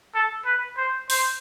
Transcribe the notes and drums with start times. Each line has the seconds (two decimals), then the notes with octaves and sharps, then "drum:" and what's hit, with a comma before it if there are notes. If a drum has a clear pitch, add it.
0.15 A4
0.46 B4
0.77 C5
1.10 C5, drum: open hi-hat